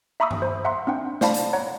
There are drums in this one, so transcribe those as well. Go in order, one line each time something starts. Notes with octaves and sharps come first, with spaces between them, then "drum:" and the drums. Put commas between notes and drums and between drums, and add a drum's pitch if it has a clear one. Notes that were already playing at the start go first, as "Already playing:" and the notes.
E5 A#5 B5 C#6 D#6 E6
drum: tom G2
C5
E5 F#5 A#5 C6
C4 D4 F#5 G5
C5 D5 F5 A5 B5, drum: snare
drum: hi-hat
C#5 F#5 A#5